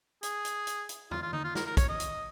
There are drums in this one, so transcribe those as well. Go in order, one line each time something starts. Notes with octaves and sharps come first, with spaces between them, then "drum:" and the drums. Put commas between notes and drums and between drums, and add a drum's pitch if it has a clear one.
G#4, drum: hi-hat
drum: hi-hat
drum: hi-hat
drum: hi-hat
F4, drum: tom
F4
D#4, drum: tom D3
F4
A#4, drum: snare
A#4
C#5, drum: kick, hi-hat
D#5
drum: hi-hat